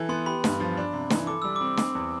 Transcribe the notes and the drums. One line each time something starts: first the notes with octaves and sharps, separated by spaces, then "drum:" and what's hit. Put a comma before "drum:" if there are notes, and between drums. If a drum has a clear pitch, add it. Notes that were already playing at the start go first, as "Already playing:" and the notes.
Already playing: E3 A4
B3 C6
G4 B5
G2, drum: snare
F3
D4
C3
E3, drum: snare
A4 D6
G3 E6
C4 D6
C4, drum: snare
E2